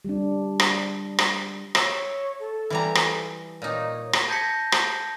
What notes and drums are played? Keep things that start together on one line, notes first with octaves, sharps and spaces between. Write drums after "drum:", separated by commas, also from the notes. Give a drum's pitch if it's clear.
G3 D4
drum: rim click
drum: rim click
C#5 E5, drum: rim click
A4
E3 G3 A#5
drum: rim click
A#2 D#4 C#5
drum: rim click
A5 G6 G#6 A#6 B6 C#7
drum: rim click